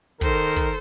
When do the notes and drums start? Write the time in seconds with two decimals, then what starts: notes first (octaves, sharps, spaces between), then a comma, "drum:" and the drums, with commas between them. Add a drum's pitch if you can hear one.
0.21 D#3 A4 A#4 C5, drum: kick
0.56 drum: kick